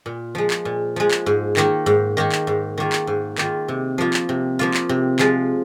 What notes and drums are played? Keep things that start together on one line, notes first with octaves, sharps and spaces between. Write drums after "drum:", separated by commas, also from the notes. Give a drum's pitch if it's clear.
A#2
F3 G#3
drum: clap
A#2
F3 G#3
drum: clap
G#2
D#3 A#3 D#4, drum: clap
G#2
D#3 A#3 D#4
drum: clap
G#2
D#3 A#3 F4
drum: clap
G#2
D#3 A#3 F4, drum: clap
C3
F3 A#3 F4
drum: clap
C3
F3 A#3 F4
drum: clap
C3
F3 G#3 F4, drum: clap